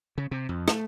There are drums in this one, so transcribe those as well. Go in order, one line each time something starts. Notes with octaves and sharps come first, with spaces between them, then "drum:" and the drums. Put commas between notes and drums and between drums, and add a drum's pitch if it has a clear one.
C#3
C3
F2
A3, drum: rim click